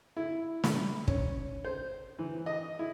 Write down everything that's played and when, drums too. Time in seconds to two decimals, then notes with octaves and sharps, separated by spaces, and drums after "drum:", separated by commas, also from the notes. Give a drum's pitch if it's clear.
0.17 E4
0.64 B5, drum: snare
1.08 C#4, drum: kick
1.65 C5
2.19 E3
2.46 D#5
2.79 E4